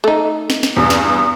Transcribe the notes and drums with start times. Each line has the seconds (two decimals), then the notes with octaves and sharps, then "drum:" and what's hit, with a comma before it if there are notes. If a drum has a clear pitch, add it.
0.04 A3 D#4
0.50 drum: snare
0.63 drum: snare
0.77 E2 G2 D#6
0.90 drum: snare